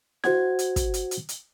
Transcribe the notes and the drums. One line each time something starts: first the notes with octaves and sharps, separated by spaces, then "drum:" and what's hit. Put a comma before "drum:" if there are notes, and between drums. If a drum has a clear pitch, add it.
F#4 C5 F#5 G#6, drum: snare E4
drum: hi-hat
drum: kick, hi-hat
drum: hi-hat
drum: hi-hat
drum: hi-hat